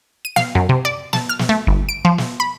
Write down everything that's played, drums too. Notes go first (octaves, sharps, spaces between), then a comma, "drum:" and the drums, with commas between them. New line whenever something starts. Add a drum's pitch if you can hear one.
D#7
F5, drum: snare
F#2
C3
D5
A5, drum: snare
F6
drum: snare
A3
G1
D7
F3
drum: snare
B5